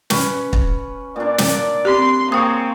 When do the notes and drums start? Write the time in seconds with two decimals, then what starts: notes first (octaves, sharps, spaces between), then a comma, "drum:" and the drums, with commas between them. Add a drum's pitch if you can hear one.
0.10 C#4 B4, drum: snare
0.53 drum: kick
1.16 A#2 D4 D5
1.38 drum: snare
1.85 C4 G4 C6
2.32 A#3 C4 G#4 C#5 G5 D#6